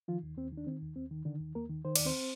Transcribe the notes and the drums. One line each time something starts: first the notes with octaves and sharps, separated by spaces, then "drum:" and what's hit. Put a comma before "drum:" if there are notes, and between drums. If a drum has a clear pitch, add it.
D#3 F3 F4
D#2
D#2 C4
D#3
D4
D#3 C4
D#2
D#2 C4
D#3
D3 D#3 D4
D#2
D#2 A#3 A#4
D#3
D#3 C5
D#2 D5, drum: cymbal
C4 C5